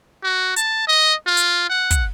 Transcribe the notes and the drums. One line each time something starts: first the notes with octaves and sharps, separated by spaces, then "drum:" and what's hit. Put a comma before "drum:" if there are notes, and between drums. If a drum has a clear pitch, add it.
F#4
A5, drum: hi-hat
D#5
F4
drum: hi-hat
F#5
drum: kick, hi-hat